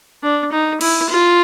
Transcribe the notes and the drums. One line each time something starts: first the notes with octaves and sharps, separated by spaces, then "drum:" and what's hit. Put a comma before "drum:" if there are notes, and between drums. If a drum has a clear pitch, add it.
D4
D#4
E4, drum: cymbal
F4